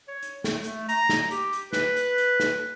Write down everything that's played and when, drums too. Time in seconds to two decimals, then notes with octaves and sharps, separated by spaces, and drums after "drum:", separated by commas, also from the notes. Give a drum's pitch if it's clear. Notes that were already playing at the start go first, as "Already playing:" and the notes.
0.08 C#5
0.23 drum: hi-hat
0.44 A3, drum: snare
0.64 A3, drum: hi-hat
0.89 A#5, drum: hi-hat
1.09 drum: snare
1.31 G4, drum: hi-hat
1.53 drum: hi-hat
1.73 B4, drum: snare
1.96 drum: hi-hat
2.18 drum: hi-hat
2.40 drum: snare